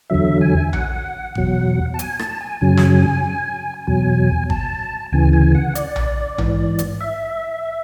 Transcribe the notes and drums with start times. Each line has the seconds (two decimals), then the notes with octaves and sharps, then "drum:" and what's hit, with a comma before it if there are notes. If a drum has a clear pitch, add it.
0.10 E2 D3 F#3 E5
0.41 G#5
0.73 F#5, drum: tom A#1
1.35 E2 B2 F#3, drum: kick G#1
1.94 A5
1.99 G#5, drum: hi-hat
2.19 A5, drum: rim click
2.41 G#5
2.61 F#2 C#3 F#3 G#5
2.77 drum: snare
3.87 E2 B2 F#3 G#5
4.50 A5, drum: kick G#1
5.12 D2 C#3 E3 G#5
5.33 G#5
5.55 F#5
5.75 D5, drum: hi-hat
5.96 drum: tom A#1
6.38 G#2 E3, drum: tom A#1
6.79 drum: hi-hat
7.01 E5